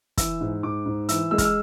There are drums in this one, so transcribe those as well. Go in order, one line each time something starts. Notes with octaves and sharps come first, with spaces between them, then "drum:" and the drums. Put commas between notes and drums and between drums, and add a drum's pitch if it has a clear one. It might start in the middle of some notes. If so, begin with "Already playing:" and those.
E3 E6, drum: kick, hi-hat
G#2
G#2 D6
G#2
E3 E6, drum: hi-hat
G#3 E6
F6, drum: kick, hi-hat
E6